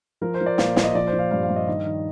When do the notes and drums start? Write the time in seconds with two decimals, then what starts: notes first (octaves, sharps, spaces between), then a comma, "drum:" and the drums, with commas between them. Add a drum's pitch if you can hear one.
0.21 F3 A#4
0.34 C5
0.41 F3
0.46 D5
0.58 A#2 F5, drum: snare
0.76 A#2, drum: snare
0.84 D#5
0.94 F3 D5
1.07 C5
1.13 F3
1.19 F5
1.31 G2 F5
1.43 F5
1.49 G2
1.56 D#5
1.68 D#3 D#5
1.86 D#3